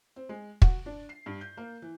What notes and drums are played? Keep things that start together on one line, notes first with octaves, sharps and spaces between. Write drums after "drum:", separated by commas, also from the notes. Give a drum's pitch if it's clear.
C4
G#3
F#4, drum: kick
D4
C7
G2
G6
A#3
E3